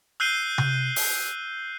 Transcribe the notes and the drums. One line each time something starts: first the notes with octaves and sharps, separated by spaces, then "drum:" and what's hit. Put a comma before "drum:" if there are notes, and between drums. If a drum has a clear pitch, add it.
E6 F#6 G6 C7 D#7 G7
drum: tom C3
drum: open hi-hat